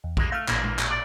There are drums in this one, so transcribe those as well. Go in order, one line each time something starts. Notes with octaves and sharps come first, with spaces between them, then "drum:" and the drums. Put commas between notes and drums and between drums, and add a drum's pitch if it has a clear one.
E2
C2 G#3 A#3, drum: kick A#1
A3 F5 F6
A1 A#2 D3 E3 A#3, drum: clap
drum: tom
drum: clap
D5